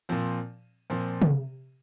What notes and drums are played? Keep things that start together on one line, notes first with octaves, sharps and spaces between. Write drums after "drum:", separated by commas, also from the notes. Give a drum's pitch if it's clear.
A#2 F3 C4
A#2 F3 C4
drum: tom